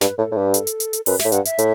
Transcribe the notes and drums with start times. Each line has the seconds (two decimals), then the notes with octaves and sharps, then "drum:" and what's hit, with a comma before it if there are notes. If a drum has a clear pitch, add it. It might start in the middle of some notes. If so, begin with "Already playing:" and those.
0.01 G2 B4, drum: snare
0.18 A2 A4
0.32 A2
0.36 G2 G4
0.54 A4, drum: hi-hat
0.67 drum: hi-hat
0.80 drum: hi-hat
0.93 drum: hi-hat
1.06 F#2 B4, drum: open hi-hat
1.19 E5, drum: snare
1.25 A2
1.32 G2 F#5, drum: hi-hat
1.45 E5, drum: hi-hat
1.58 A2, drum: hi-hat